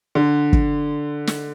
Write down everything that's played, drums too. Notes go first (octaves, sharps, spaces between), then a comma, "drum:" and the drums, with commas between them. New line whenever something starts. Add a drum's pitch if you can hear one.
D3
drum: kick
drum: snare